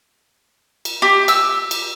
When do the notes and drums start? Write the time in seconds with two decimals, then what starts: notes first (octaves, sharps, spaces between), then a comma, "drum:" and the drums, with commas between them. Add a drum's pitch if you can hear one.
0.85 drum: cymbal
1.02 G4
1.28 E6, drum: cymbal
1.71 drum: cymbal